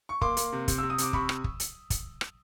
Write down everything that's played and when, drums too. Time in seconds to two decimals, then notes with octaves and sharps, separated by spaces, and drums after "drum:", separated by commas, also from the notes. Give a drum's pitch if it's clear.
0.09 C#6
0.21 A#3 C6 D6, drum: kick
0.37 A#3, drum: hi-hat
0.52 C3
0.68 C3, drum: kick, hi-hat
0.78 C3 E6
0.90 D#6
0.98 C3 D6, drum: hi-hat
1.13 C3 B5 C#6, drum: kick
1.29 drum: rim click
1.44 drum: kick
1.60 drum: hi-hat
1.90 drum: kick, hi-hat
2.21 drum: rim click